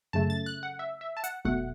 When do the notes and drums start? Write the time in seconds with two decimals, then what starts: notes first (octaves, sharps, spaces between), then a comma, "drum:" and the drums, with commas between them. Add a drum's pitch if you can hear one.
0.13 F#2 C#3 A3 A5
0.30 A6
0.46 F#6
0.63 F#5
0.79 E5
1.01 E5
1.17 A5
1.24 F#5, drum: hi-hat
1.45 B1 B2 A3 F#5, drum: kick F1